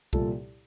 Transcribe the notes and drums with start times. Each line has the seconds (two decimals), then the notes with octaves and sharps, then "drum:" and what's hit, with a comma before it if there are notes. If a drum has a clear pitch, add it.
0.13 C2 A#2 F3 A4, drum: kick